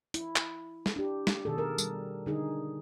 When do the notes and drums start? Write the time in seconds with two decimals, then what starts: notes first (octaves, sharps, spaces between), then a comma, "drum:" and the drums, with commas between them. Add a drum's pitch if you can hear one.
0.14 E4, drum: hi-hat
0.36 drum: clap
0.86 drum: snare
0.96 D4 G4
1.27 drum: snare
1.45 B2 D#3 G#4 A4
1.58 A#4
1.78 G3, drum: tambourine
2.26 D3 D#4 G#4